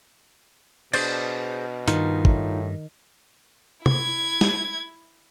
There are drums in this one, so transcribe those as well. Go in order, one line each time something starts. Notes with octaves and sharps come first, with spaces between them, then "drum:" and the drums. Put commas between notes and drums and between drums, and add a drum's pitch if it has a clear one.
B2 D4 G#4 C5 D5, drum: cymbal
G2 D#3 D#4 F4, drum: hi-hat
A2, drum: kick
E4 G#6, drum: tom C3
drum: snare